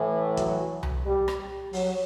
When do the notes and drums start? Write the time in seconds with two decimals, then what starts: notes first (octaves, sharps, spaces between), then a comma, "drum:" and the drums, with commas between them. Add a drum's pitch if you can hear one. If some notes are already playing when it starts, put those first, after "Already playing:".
Already playing: A2 E3
0.37 F#3, drum: kick, hi-hat
0.83 drum: tom C2
1.05 G3
1.28 drum: rim click
1.73 F#3, drum: open hi-hat